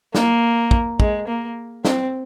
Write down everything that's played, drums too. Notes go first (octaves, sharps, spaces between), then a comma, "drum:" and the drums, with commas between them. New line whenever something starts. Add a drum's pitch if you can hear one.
A#3, drum: snare
drum: kick
G#3, drum: kick
A#3
C4, drum: snare